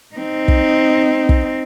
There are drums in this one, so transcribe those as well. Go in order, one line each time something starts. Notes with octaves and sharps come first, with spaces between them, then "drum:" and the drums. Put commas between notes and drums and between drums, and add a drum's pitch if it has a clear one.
C4 D#4
drum: kick
drum: kick